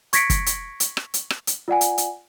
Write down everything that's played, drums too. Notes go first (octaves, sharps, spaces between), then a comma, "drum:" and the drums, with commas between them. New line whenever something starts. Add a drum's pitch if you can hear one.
C#6 G#6 A#6 B6 C#7 D7, drum: hi-hat
drum: kick, hi-hat
drum: hi-hat
drum: hi-hat
drum: rim click
drum: hi-hat
drum: rim click
drum: hi-hat
F4 D5 F#5 G#5
drum: hi-hat
drum: hi-hat